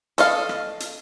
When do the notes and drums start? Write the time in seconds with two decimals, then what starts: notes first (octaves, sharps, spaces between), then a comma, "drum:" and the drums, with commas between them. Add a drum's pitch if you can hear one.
0.18 A4 D#5 F5, drum: hi-hat
0.49 drum: rim click
0.80 drum: hi-hat